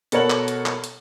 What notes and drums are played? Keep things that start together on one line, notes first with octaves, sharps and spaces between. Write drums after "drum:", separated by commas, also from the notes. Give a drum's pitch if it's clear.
B2 A4 A#4 C#5 F#5 F#7, drum: hi-hat
drum: clap
drum: hi-hat
drum: clap
drum: hi-hat